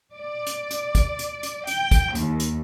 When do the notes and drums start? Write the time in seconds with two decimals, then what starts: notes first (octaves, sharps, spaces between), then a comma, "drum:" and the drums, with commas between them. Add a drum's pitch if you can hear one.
0.14 D5
0.47 drum: hi-hat
0.71 drum: hi-hat
0.95 drum: kick, hi-hat
1.19 drum: hi-hat
1.43 drum: hi-hat
1.67 G5, drum: hi-hat
1.91 drum: kick, hi-hat
2.15 D#2, drum: hi-hat
2.40 drum: hi-hat